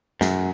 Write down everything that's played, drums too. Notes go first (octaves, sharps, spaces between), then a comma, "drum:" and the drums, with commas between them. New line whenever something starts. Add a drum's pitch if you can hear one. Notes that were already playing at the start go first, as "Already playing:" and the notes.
F#2, drum: snare